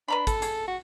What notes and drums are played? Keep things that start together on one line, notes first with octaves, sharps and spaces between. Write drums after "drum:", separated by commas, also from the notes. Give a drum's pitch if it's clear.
D4 B4 A#5 B5
A4, drum: kick, hi-hat
G#4, drum: hi-hat
F#4